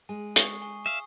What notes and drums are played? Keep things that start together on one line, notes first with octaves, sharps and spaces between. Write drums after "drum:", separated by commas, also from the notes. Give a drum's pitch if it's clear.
G#3 G#5
C#6 D#6 C7, drum: hi-hat
G#5 G7
E5 F5 D#6